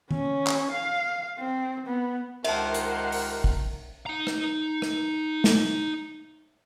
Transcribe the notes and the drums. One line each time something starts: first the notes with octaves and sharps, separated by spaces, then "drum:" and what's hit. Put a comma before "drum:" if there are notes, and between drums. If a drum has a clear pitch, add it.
C#4, drum: tom D#3
drum: clap
F5
C4
B3
C#2 D#3 G4 A#4 C5 E5 F#5 A5, drum: cymbal
drum: hi-hat
drum: open hi-hat
drum: kick
D#4 A#5
drum: rim click
drum: rim click
drum: snare